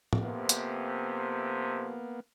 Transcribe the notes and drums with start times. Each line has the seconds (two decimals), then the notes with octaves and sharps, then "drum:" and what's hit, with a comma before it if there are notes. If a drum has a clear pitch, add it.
0.13 drum: tom
0.23 F2 C3 A#3 B3
0.49 drum: hi-hat